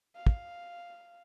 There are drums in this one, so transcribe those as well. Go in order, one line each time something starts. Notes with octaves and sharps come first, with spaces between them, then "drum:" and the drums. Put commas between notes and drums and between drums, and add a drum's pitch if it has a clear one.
F5
drum: kick